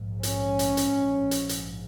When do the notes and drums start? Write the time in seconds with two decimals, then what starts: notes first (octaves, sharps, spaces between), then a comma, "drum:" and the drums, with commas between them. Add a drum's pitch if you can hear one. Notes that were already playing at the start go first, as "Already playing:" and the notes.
Already playing: A#1 G#2
0.23 C#4, drum: hi-hat
0.59 drum: hi-hat
0.77 drum: hi-hat
1.31 drum: hi-hat
1.49 drum: hi-hat